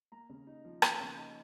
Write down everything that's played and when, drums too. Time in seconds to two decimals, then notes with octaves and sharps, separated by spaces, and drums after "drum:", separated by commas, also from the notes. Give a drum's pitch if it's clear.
0.12 A#3 A#5
0.29 C#3
0.47 D#4
0.65 F3
0.82 A#3 B5, drum: rim click
1.00 C#3
1.17 D#4